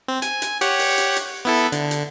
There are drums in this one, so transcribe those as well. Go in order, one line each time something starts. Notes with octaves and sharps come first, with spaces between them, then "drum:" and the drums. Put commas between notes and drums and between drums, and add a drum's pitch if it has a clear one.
C4
G#5, drum: hi-hat
drum: hi-hat
G4 C#5 F#5, drum: hi-hat
drum: open hi-hat
drum: hi-hat
drum: hi-hat
B3 E4 A4
D3, drum: hi-hat
drum: hi-hat